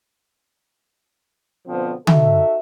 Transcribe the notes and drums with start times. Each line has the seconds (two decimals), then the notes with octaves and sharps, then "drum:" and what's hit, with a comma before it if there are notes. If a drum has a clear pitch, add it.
1.68 B2 D3 F3 B3 C4
2.07 D#4 F#4 A4 E5, drum: tom D3